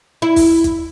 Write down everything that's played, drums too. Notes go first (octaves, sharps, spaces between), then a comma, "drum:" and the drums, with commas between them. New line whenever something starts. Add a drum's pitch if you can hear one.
E4
drum: kick, open hi-hat
drum: kick, hi-hat